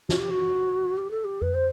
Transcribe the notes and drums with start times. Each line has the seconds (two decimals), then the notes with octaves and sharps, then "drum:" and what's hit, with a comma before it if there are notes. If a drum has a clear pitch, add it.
0.09 F#4, drum: snare
0.20 G4
0.30 F#4
0.98 G4
1.11 A4
1.24 G4
1.42 B4, drum: tom F2
1.54 C5